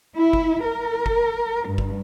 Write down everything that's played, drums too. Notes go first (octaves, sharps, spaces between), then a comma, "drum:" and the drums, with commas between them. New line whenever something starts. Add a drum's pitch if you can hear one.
E4
drum: kick
A#4
drum: kick
G2
drum: kick